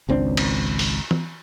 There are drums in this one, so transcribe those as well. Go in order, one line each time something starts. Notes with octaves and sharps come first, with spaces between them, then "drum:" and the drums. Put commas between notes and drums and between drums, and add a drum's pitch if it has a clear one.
G#1 C#2 C4 D4
drum: cymbal
drum: open hi-hat
drum: tom E3